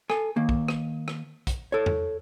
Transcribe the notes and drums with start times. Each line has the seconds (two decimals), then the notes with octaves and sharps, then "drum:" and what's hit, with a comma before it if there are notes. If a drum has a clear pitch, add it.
0.10 A4 G#5, drum: rim click
0.36 D#3 A#3
0.49 drum: kick
0.68 drum: rim click
1.08 drum: rim click
1.47 drum: kick, hi-hat
1.72 A4 C#5
1.86 drum: tom E2